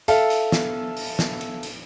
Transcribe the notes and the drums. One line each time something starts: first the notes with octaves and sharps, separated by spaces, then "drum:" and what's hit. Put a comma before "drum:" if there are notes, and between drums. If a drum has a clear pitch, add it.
A4 E5 F5 A5, drum: hi-hat
drum: hi-hat
drum: snare
drum: open hi-hat
drum: snare
drum: hi-hat
drum: hi-hat